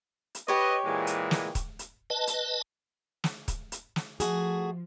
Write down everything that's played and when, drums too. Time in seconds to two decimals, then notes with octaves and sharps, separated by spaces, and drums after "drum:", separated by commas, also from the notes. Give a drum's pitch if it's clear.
0.35 drum: hi-hat
0.48 G4 B4 C#5 D#5
0.86 A#2 E3 G#3
1.07 drum: hi-hat
1.31 drum: snare
1.55 drum: kick, hi-hat
1.79 drum: hi-hat
2.10 B4 D#5 A5
2.27 drum: hi-hat
3.24 drum: snare
3.48 drum: kick, hi-hat
3.72 drum: hi-hat
3.96 drum: snare
4.20 F3 A3 F#4 G#4, drum: hi-hat